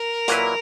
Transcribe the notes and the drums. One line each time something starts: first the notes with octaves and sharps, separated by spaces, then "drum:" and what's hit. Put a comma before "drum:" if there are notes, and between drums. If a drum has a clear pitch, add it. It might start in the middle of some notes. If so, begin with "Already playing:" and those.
Already playing: A#4
A#2 F#3 A#3 E4 B4, drum: hi-hat